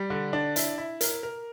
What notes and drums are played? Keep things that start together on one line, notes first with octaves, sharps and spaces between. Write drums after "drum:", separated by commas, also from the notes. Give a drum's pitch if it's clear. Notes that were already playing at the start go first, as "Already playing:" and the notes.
Already playing: G3
D3
D4
E4, drum: hi-hat
E4
A#4, drum: hi-hat
A#4